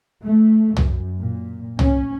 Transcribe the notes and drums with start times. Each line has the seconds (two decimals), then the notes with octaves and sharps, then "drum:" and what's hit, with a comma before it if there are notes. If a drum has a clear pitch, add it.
0.25 A3
0.77 F#2, drum: tom C2
1.20 A#2
1.79 C#4, drum: tom C2